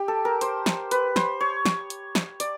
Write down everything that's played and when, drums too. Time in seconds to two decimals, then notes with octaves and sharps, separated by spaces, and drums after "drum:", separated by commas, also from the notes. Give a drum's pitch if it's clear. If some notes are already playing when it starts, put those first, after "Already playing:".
Already playing: G4
0.08 A4
0.25 A#4
0.41 C5, drum: hi-hat
0.66 drum: snare
0.91 B4, drum: hi-hat
1.16 C5, drum: snare
1.40 C#5
1.66 drum: snare
1.90 drum: hi-hat
2.15 drum: snare
2.40 D5, drum: hi-hat